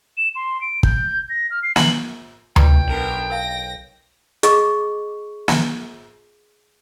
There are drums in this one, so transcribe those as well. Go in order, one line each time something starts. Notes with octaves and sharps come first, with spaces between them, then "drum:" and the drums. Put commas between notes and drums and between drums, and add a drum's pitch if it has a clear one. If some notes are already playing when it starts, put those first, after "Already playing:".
E7
C6
D7
G6, drum: kick
A#6
F6
C7
F#7, drum: snare
F4 B4 D5 G5, drum: tom D2
B1 B3 D4 A#4
A#4 F5 A5 A#6
G#4 D#5 C#6 D6, drum: hi-hat
drum: snare